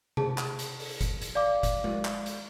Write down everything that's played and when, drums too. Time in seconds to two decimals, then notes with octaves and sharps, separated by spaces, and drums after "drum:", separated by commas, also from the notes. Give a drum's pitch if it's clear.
0.17 G#4 A5, drum: tom C3
0.38 drum: clap
0.59 drum: hi-hat
0.80 drum: open hi-hat
1.01 drum: kick F#1, hi-hat
1.22 drum: hi-hat
1.35 D5 F5 D6
1.63 drum: kick F#1, hi-hat
1.84 drum: tom G#3
2.05 drum: clap
2.26 drum: hi-hat